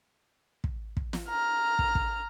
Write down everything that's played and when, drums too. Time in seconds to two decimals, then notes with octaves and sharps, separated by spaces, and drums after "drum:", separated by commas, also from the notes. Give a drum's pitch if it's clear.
0.64 drum: kick
0.97 drum: kick
1.13 drum: snare
1.30 A#5 F6
1.79 drum: kick
1.95 drum: kick